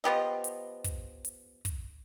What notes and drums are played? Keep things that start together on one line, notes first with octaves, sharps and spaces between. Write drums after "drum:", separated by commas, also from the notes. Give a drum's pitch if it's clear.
F3 B3 G4 D#5
drum: hi-hat
drum: kick, hi-hat
drum: hi-hat
drum: kick, hi-hat